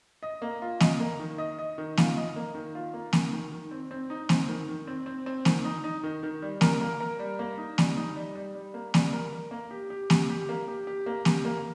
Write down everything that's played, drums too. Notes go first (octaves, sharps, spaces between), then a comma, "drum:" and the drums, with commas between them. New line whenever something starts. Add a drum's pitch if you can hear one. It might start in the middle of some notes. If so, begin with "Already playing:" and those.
D#5
A#3
F4
D#5, drum: snare A#3
A#3
D#3
D#5
D#5
D#3
F4, drum: snare A#3
D#5
A#3
D#3
F4
A#3
D#3, drum: snare A#3
D#3
D#3
C4
C4
D#4
C4, drum: snare A#3
D#3
D#3
C4
C4
C4
D#3, drum: snare A#3
D#4
D#4
D#3
D#3
G3
A#4, drum: snare A#3
A#3
A#4
G3
A#3
D#4
G3, drum: snare A#3
D#4
G3
G3
G3
A#3
G3, drum: snare A#3
A#4
A#4
A#3
G4
G4
G4, drum: snare A#3
G4
A#3
G4
G4
A#3
G4, drum: snare A#3
A#3